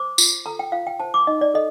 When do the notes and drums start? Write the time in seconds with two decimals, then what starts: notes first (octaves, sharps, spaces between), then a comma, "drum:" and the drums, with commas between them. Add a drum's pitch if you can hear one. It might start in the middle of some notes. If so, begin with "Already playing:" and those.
Already playing: C5 D6
0.18 F4, drum: tambourine
0.46 A4 A#5
0.59 G5
0.72 F4 F5
0.87 G5
1.00 C5 A5
1.14 D6
1.27 D#4 D#5
1.41 D5
1.54 A4 D#5